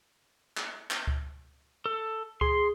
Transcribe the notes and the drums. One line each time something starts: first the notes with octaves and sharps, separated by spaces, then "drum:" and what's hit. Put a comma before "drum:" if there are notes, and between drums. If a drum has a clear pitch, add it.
drum: clap
drum: clap
drum: kick C#2
A4
G#4 C6, drum: kick C#2